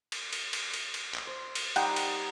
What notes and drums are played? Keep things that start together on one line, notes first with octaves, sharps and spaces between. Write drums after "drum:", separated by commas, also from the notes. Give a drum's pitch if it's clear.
drum: cymbal
drum: cymbal
drum: cymbal
drum: cymbal
drum: cymbal
drum: clap
C5
drum: cymbal
G3 D#4 F#5 G5, drum: cymbal
drum: cymbal